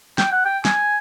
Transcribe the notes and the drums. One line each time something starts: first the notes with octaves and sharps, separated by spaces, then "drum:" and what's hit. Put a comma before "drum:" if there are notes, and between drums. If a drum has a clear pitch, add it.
G5, drum: snare
F#5
G5
G#5, drum: snare